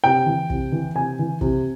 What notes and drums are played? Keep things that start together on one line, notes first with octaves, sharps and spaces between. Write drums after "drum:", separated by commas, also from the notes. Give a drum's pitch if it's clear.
C3 G5
E3
C3, drum: kick
E3
C3 G#5
E3
C3, drum: kick